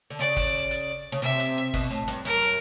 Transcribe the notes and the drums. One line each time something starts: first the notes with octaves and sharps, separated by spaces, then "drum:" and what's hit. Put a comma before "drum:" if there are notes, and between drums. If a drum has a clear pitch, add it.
D3
C#3 D5
drum: kick, open hi-hat
drum: hi-hat
C#3
C3 E5
drum: hi-hat
B2, drum: kick, open hi-hat
A2
G2, drum: hi-hat
F#2 A#4
drum: hi-hat